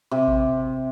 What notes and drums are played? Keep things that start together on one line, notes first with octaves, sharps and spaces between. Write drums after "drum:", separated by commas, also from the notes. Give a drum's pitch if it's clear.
C3
drum: kick A1